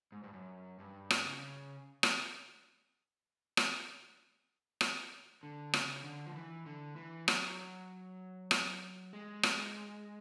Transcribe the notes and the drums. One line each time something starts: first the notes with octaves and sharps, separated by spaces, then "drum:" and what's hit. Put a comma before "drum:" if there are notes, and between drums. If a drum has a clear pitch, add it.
G#2
G2
F#2
G2
drum: rim click
C#3
drum: rim click
drum: rim click
drum: rim click
D3
C#3, drum: rim click
D3
F3
E3
D3
E3
F#3, drum: rim click
drum: rim click
G#3
drum: rim click